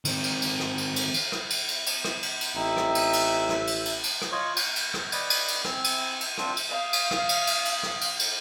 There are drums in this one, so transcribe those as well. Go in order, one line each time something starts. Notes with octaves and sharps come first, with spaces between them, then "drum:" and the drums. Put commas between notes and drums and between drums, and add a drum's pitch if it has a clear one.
D#3 C4, drum: cymbal
drum: cymbal
drum: cymbal
drum: rim click
drum: cymbal
drum: cymbal
drum: cymbal
drum: rim click
drum: cymbal
drum: cymbal
drum: cymbal
drum: rim click
drum: cymbal
drum: cymbal
A1 C4 D#4 E5
drum: rim click
drum: cymbal
drum: cymbal
drum: rim click
drum: cymbal
drum: cymbal
drum: cymbal
drum: rim click
F4 C#5 D#5 C#6
F#5 C#6, drum: cymbal
drum: cymbal
drum: rim click
B4 D5 D#5 F#5, drum: cymbal
drum: cymbal
drum: cymbal
C4 G#5, drum: rim click
drum: cymbal
drum: cymbal
C4 D4 F4, drum: rim click
drum: cymbal
F5 D#6
drum: cymbal
drum: rim click
drum: cymbal
drum: cymbal
drum: cymbal
drum: rim click
drum: cymbal
drum: cymbal